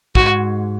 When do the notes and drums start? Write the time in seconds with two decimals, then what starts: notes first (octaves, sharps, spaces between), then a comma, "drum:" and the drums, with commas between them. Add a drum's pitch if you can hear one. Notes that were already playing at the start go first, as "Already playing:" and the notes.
0.15 G#2 F#4, drum: kick